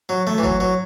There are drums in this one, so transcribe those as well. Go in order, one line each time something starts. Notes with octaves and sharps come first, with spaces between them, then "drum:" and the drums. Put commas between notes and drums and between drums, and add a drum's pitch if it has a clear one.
F#3
A3, drum: snare
E3
F#3, drum: kick G1
F#3